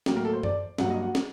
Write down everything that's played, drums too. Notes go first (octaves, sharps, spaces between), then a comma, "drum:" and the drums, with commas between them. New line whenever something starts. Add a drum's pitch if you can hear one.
A2 F#3 A#3 G5, drum: snare
A#4
A4
C5
D5, drum: tom F#2
G2 F#3 A#3 F#5, drum: snare
D#5
F#5
drum: snare